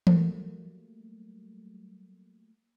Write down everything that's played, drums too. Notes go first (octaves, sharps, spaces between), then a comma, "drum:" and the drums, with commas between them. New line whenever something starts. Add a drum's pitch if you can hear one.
F#3 G3 A3 A#3, drum: tom E3